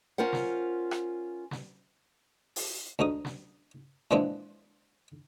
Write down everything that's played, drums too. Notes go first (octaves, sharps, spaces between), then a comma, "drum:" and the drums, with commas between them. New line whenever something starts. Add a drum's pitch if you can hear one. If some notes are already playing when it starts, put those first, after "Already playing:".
C#4 F4 A#4 C5 F#5
drum: snare
drum: rim click
drum: snare
drum: open hi-hat
D2 G#2 D#4 D#6
drum: snare
A#2 E3 F3 G#3 C4 D4